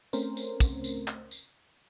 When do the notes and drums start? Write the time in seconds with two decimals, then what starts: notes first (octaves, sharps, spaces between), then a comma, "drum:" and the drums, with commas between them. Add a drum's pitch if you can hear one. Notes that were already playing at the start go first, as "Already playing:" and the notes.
0.13 A3 C4 C#4 A#4 C5, drum: tambourine
0.37 drum: tambourine
0.60 drum: kick, tambourine
0.84 drum: tambourine
1.08 drum: clap
1.31 drum: tambourine